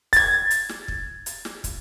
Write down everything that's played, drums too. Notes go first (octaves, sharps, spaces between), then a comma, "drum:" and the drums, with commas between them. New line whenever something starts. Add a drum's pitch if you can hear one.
G#6 A6, drum: kick, hi-hat
drum: hi-hat
drum: snare
drum: kick
drum: hi-hat
drum: snare
drum: kick, hi-hat